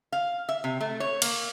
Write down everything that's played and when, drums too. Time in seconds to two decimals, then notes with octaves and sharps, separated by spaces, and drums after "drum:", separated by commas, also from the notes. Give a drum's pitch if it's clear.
0.12 F5
0.49 E5
0.64 C3
0.81 A3
1.00 C#5
1.22 A#3, drum: cymbal